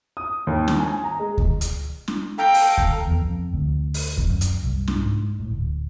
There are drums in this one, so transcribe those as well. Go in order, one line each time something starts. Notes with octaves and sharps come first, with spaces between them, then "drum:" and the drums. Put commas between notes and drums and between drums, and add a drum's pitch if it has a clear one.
D#6
D#2
drum: snare
G#5
A#5
G#3
drum: kick D2
drum: hi-hat
drum: snare
A4 F5 G5 A#5
drum: open hi-hat
drum: kick D2
E2
F2
D2
drum: open hi-hat
drum: kick D2
F#2
drum: hi-hat
C2
drum: snare
G#2
A2
D1